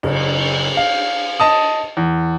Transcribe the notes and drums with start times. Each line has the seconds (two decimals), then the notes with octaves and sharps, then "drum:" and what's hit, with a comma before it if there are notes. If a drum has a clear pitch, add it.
0.03 F#1, drum: cymbal
0.77 F5
1.40 D#5 A5 D#6
1.97 E2